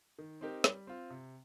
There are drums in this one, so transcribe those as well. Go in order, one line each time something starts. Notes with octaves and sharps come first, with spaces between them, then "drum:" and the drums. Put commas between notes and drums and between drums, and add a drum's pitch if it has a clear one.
D#3
C4 D#4 G4 A#4
G3, drum: snare
C4 F4
C3